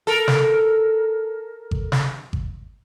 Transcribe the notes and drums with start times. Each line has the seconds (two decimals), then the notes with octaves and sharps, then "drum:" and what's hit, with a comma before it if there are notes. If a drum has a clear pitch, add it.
0.07 A4 A#4
0.28 drum: snare
1.71 drum: kick G#1
1.92 drum: snare
2.33 drum: kick G#1